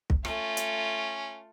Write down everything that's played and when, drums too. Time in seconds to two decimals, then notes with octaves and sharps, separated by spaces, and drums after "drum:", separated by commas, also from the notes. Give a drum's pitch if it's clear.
0.10 drum: kick
0.25 A3 C#4 F4, drum: rim click
0.57 drum: hi-hat